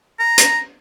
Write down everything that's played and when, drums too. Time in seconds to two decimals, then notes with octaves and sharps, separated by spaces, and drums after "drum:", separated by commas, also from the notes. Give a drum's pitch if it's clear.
0.19 A#5
0.38 drum: hi-hat